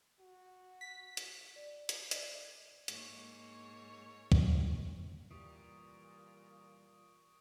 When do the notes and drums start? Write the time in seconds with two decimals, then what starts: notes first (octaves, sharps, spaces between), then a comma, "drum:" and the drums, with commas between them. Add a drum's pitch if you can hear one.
0.20 F#4
0.81 B6
1.17 drum: hi-hat
1.56 D5
1.89 drum: hi-hat
2.11 D5, drum: hi-hat
2.45 G#6
2.88 G#2 A#3 C#5, drum: hi-hat
4.32 drum: kick
5.31 A#2 E3 G3 G4 C#6 D#6 D7